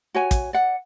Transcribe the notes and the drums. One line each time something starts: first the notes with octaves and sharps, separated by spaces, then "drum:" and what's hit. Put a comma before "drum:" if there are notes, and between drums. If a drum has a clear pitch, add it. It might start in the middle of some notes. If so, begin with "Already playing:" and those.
F#4 C#5 G#5
drum: kick, hi-hat
D5 F#5